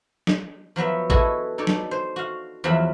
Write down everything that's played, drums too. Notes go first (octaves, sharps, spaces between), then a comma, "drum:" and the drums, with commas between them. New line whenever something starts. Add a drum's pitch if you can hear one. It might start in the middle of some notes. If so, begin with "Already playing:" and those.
drum: snare
F3 F#3 B3 E5
E4 F#4 G#4 A4 B4 D#5, drum: kick
D#4 A4 C#5 D5
drum: snare
C5
F#4 F5
E2 F3 F#3 E5 B5